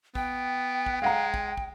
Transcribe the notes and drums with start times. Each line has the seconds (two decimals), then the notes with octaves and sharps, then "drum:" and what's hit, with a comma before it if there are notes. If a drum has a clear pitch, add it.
0.15 B3 G5, drum: kick
0.86 drum: kick
1.02 G#3 F5 F#5 A#5
1.34 drum: kick
1.57 drum: kick